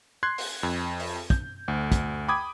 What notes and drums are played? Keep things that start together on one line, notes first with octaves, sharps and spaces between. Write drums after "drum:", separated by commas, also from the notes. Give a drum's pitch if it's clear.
C6 F#6 G#6 C7
drum: open hi-hat
F2
drum: open hi-hat
G6, drum: kick, hi-hat
D2
drum: kick, hi-hat
G5 B5 D6 D#6 G#6